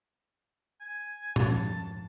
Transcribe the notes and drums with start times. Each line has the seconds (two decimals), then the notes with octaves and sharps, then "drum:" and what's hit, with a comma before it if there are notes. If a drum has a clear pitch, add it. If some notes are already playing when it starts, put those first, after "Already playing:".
0.80 G#5
1.36 F2 G#2 F3 A5, drum: tom A#2